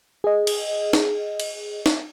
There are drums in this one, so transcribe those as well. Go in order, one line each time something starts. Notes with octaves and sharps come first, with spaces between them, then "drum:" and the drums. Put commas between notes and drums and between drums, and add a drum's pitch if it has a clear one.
G#4 D#5
drum: cymbal
drum: snare
drum: cymbal
drum: snare